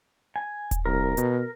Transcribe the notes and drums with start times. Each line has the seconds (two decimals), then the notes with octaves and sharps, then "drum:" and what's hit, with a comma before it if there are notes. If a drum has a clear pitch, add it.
0.36 G#5
0.71 drum: kick D#1, hi-hat
0.86 C2 A#4
1.17 B2, drum: hi-hat